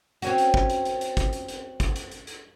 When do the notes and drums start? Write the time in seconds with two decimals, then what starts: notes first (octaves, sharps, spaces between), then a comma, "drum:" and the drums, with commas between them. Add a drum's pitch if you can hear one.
0.22 C4 C#4 F#4, drum: hi-hat
0.38 drum: hi-hat
0.54 drum: kick
0.70 drum: hi-hat
0.85 drum: hi-hat
1.01 drum: hi-hat
1.17 drum: kick, hi-hat
1.33 drum: hi-hat
1.48 drum: hi-hat
1.80 drum: kick, hi-hat
1.96 drum: hi-hat
2.11 drum: hi-hat
2.27 drum: hi-hat